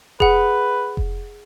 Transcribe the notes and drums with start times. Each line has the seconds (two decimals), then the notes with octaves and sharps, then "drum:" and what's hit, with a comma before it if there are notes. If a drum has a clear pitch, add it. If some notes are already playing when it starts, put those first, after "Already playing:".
0.20 G#4 B4 F#5, drum: kick F1
0.97 drum: kick F1